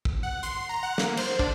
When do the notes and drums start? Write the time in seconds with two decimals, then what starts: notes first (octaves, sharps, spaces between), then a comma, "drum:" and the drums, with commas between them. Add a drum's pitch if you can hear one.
0.05 drum: kick
0.23 F#5
0.43 C6, drum: hi-hat
0.69 A#5
0.83 F#5
0.98 A#3, drum: snare
1.17 C5, drum: cymbal
1.39 D4, drum: kick